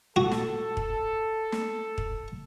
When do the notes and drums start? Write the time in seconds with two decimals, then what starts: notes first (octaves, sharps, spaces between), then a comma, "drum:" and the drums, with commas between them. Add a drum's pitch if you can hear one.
0.16 F#4 A4
0.31 drum: snare
0.77 drum: kick
1.52 drum: snare
1.98 drum: kick